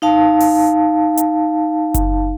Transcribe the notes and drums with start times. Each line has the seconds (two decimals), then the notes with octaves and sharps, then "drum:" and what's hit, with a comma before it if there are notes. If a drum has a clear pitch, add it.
0.02 D#4 F5 A5
0.40 drum: open hi-hat
1.17 drum: hi-hat
1.94 drum: kick F#1, hi-hat